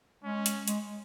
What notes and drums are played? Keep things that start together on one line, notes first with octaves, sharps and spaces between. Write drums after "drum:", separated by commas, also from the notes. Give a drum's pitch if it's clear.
G#3 C#4
drum: hi-hat
G#3, drum: hi-hat